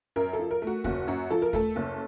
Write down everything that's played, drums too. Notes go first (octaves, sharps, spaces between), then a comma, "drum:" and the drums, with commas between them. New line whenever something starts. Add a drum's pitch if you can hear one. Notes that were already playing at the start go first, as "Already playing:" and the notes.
F#2 A#4
A4
F3
A#4
A3
F#4
F#1 F#4, drum: kick D#2
F#2 F#4
F3 A4
A#4
A3 A4, drum: kick D#2
F#1